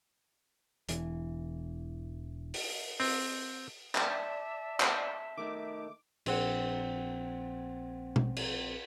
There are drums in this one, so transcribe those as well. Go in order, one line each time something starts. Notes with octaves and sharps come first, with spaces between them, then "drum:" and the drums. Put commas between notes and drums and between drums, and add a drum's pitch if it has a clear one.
E1 E3, drum: hi-hat
drum: open hi-hat
C4, drum: open hi-hat
D5 E5 A5, drum: clap
drum: clap
D#3 A3 D#4 D6
A#1 C4 F#5, drum: cymbal
drum: tom B2
drum: cymbal